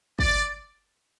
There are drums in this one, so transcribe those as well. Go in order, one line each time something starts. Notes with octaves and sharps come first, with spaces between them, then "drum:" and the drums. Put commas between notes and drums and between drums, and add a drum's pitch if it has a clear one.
D5, drum: kick